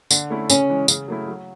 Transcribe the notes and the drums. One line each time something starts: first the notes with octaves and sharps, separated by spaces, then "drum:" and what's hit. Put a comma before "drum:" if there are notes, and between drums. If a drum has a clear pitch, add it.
D3, drum: tambourine
A3 C#4 E4 A4
C#3 C#4, drum: tambourine
E3 G#3
C#3, drum: tambourine
F#3 A3 E4
F#3